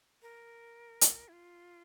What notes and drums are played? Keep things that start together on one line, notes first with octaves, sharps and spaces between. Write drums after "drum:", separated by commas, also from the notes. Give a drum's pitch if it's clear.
A#4
drum: hi-hat
E4
F4